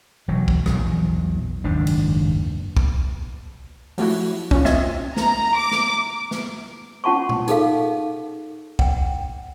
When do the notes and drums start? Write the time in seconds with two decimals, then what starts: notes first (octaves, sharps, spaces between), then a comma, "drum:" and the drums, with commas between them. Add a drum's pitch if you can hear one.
0.28 E1 F#3
0.48 drum: kick
0.66 A#1 E2 F#3, drum: rim click
1.64 F#1 D#2 G#2 D4
1.87 drum: cymbal
2.77 drum: kick
3.98 F3 F#3 A3 E4 F#4, drum: open hi-hat
4.51 C#4 F4, drum: kick
4.65 C4 D#5 E5 G#6, drum: snare
5.17 A#5, drum: snare
5.58 D6
5.71 drum: snare
6.31 drum: snare
7.04 C#4 F4 F#5 A5 C6 C#6
7.29 drum: tom
7.48 D#4 G#4 A4 F5, drum: hi-hat
8.79 F#5 G5, drum: kick